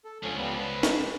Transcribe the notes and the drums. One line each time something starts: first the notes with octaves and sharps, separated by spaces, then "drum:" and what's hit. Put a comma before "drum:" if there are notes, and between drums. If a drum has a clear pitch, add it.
A4
C#2 D3 F3 C#4
F3 G3 B3
B4
drum: snare
C3 G#3